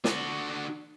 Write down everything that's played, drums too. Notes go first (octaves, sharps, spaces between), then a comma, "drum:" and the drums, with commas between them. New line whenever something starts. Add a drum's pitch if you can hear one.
D3 F#4, drum: snare